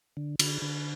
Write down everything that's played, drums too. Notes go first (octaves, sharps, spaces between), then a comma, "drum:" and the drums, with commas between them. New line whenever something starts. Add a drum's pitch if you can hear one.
D3
D3, drum: cymbal
D3